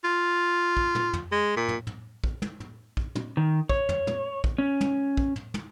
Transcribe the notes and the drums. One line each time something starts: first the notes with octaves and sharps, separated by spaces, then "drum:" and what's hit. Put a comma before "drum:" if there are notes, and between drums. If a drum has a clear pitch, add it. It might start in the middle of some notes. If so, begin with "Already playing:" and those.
F4
drum: kick
drum: tom
drum: tom
G#3
A#2
drum: tom
drum: tom
drum: kick
drum: tom
drum: tom
drum: kick
drum: tom
D#3
C#5, drum: kick
drum: tom
drum: tom
drum: kick
C#4
drum: tom
drum: kick
drum: tom
drum: tom